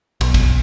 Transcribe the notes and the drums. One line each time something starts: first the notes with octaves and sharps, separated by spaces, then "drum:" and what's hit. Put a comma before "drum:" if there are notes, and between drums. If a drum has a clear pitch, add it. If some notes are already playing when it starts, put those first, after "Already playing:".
B1, drum: cymbal
drum: kick, cymbal